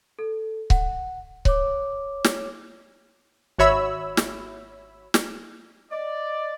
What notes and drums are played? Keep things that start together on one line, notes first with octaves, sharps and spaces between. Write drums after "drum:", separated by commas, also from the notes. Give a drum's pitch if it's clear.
A4
F#5, drum: kick C#1
C#5 D6, drum: kick C#1
drum: snare
G#1 F#4 C#5 E5 B5 E6
drum: snare
drum: snare
D5 D#5